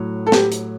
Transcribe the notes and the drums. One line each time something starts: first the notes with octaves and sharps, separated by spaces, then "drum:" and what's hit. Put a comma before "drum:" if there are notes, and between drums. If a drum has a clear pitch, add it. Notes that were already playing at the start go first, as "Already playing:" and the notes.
Already playing: A2 F#3
A4
G4, drum: snare
drum: hi-hat